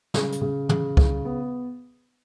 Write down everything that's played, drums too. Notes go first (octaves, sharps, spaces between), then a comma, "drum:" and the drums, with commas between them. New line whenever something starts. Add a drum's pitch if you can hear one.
C#3, drum: snare
drum: hi-hat
C#3
C#3, drum: tom
C#3, drum: kick
B3